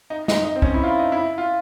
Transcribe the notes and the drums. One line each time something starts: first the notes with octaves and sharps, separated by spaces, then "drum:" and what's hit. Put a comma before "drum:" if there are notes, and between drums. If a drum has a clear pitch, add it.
D#4
D#4, drum: snare
D#4
C4
C#4, drum: kick
E4
F4
E4
D#4
E4
F4